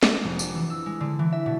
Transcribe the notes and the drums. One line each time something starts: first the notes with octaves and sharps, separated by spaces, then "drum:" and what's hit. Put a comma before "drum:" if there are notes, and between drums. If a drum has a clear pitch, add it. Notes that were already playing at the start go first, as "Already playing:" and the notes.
drum: snare
F1
D4, drum: tambourine
E3
E6
G#3
D3
E3
E5
B2